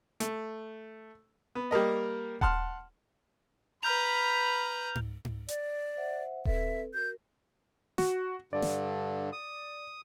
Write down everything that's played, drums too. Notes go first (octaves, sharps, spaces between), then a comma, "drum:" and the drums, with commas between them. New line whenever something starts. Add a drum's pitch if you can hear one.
A3, drum: hi-hat
B3
G3 A#3 A#4 D#5
F#5 A5 C6 F6, drum: kick D#1
B4 A#5 B5 F6 G6 F7
drum: tom G#2
drum: tom G#2
D5, drum: hi-hat
C5 E5 F#5
C4 A4 B4 E5, drum: kick D#1
F#4 A#4 G6
F#4, drum: snare
G2 D3 D5
drum: snare
D#6